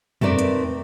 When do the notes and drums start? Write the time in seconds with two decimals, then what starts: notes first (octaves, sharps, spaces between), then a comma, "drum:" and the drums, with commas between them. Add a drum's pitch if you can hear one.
0.21 A3 C4 D#4 A#4 B4 D5, drum: tom
0.39 drum: hi-hat